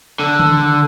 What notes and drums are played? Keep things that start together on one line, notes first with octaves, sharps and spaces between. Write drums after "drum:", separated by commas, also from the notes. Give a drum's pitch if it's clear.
D3
drum: tom D3